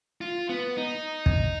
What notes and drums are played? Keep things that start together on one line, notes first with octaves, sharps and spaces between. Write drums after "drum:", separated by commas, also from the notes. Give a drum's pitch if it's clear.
F4
B3
D#4
drum: kick